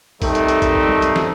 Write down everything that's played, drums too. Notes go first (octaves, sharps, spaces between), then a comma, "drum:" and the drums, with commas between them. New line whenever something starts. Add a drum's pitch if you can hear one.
D#3 G3 A3 C4 D#4, drum: kick, open hi-hat
drum: hi-hat
drum: hi-hat
drum: kick, hi-hat
drum: kick
drum: tom
drum: hi-hat
drum: snare